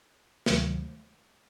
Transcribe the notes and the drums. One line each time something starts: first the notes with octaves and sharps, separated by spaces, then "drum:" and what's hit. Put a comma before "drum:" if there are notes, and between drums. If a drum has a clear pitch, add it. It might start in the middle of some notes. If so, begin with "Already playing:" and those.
D2 C3 D#3 F#3 A3, drum: snare